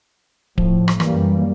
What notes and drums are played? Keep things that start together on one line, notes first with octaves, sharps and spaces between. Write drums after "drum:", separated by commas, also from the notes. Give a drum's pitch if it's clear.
A2 F3, drum: kick D1
drum: rim click
F#2 E3 G3 A#3, drum: rim click